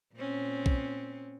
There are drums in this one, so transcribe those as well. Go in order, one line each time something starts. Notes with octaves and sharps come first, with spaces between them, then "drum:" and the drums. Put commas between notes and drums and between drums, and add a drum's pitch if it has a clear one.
A#2 C4 C#4
drum: kick B1